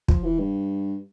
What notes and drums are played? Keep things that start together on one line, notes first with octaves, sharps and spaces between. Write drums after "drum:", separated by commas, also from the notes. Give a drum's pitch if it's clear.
F3, drum: kick
E3
G2